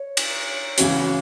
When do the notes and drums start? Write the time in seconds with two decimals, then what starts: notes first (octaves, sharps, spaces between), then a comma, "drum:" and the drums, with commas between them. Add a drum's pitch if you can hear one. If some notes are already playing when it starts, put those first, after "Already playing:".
Already playing: C#5
0.17 drum: cymbal
0.78 C#2 C#3 E3 C#4 F#4, drum: hi-hat